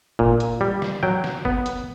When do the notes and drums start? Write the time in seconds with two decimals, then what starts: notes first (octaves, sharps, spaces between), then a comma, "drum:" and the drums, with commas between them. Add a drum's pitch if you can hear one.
0.19 A#2, drum: kick F#1
0.40 drum: hi-hat
0.61 G3
0.82 drum: snare
1.03 F#3 G5
1.24 drum: snare
1.45 B3, drum: kick F#1
1.66 drum: hi-hat